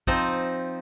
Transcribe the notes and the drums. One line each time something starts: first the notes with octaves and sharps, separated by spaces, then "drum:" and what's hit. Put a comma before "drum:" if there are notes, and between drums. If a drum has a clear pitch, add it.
F3 C4 D#4, drum: kick G#1